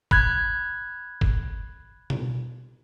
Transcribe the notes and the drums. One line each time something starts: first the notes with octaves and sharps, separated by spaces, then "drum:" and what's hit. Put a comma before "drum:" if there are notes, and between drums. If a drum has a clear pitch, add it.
B5 F#6 G#6, drum: kick
drum: kick
drum: tom B2